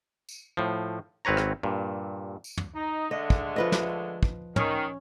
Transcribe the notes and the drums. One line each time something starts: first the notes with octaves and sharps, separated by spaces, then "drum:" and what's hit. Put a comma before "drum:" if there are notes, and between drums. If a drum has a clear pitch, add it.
drum: tambourine
A2 F3
G#1 C4 B4 C#5 A#5
drum: rim click
G2 A#2
drum: tambourine
drum: tom
D#4
D3 G#3 A3 D#5
drum: kick
F3 B4 D#5
drum: snare
drum: kick
D#3 C#4, drum: tom